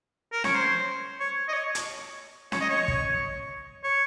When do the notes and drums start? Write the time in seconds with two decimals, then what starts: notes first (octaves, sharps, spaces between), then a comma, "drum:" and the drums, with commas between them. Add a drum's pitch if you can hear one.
0.32 A#4
0.44 C#5, drum: snare C#4
0.54 C5
1.20 C#5
1.48 D#5
1.53 C#5
1.75 drum: hi-hat
2.52 C#5, drum: snare C#4
2.61 D#5
2.69 C#5
2.88 drum: kick
3.84 C#5